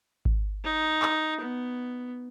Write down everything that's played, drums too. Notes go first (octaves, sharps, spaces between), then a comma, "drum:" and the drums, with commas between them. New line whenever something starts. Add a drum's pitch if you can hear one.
drum: kick G#1
D#4
drum: clap
B3